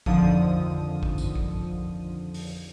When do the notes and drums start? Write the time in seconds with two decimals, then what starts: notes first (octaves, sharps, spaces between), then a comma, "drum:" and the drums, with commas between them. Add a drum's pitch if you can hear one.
0.06 F2 D3 D#3 F3 D#6, drum: kick
1.03 drum: kick
1.18 drum: tambourine
1.35 drum: kick
2.34 drum: open hi-hat